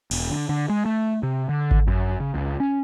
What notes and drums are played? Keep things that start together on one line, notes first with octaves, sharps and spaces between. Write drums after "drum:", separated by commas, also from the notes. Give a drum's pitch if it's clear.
E1, drum: cymbal
D3
D3
G#3
A3
C3
D3
drum: kick G#1
F#2
C#3
C#2
C#4